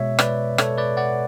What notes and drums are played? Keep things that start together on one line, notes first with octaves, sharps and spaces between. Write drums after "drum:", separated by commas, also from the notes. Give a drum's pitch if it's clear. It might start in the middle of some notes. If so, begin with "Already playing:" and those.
Already playing: B2 G#3 C#5 E5
B4 D5, drum: rim click
A4 C#5, drum: rim click
B4 D5
D5 F#5